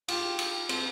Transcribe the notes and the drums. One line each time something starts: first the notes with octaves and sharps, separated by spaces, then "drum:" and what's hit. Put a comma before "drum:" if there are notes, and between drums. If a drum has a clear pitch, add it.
F4 G4, drum: cymbal
drum: cymbal
C4, drum: cymbal